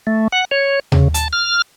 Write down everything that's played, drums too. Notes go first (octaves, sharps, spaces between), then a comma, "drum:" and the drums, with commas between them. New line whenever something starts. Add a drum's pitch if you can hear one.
A3
F#5
C#5
C#3, drum: tom D#2
A5, drum: hi-hat
F6